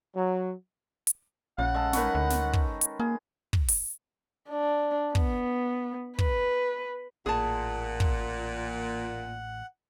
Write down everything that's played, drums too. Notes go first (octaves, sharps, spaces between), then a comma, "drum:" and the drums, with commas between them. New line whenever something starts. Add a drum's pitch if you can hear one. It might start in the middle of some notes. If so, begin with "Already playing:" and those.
F#3
drum: hi-hat
A#1 C#3 F#5
G#3 A4
D#3 B4 C#6, drum: snare
D2
drum: snare
drum: kick
drum: hi-hat
A#3 G#4
drum: kick
drum: open hi-hat
D4
B3, drum: kick
B4, drum: kick
A1 A#2 G#4 F#5 A5
drum: kick